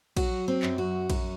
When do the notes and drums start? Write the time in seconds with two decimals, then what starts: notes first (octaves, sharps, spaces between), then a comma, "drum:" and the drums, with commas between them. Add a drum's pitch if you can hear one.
0.17 F#3 F#4, drum: kick A#1, cymbal
0.48 C4
0.63 F#2, drum: clap
0.78 F#4
1.10 F#2, drum: kick A#1, cymbal